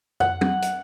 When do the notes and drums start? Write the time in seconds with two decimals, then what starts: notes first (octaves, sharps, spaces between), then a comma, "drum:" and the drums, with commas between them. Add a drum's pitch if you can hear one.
0.20 F#5, drum: tom
0.41 drum: tom
0.62 drum: hi-hat